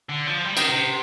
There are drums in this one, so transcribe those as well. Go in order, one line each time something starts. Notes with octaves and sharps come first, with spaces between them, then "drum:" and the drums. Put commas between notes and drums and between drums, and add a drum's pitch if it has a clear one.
D3
F3
G3
D#3, drum: cymbal
C3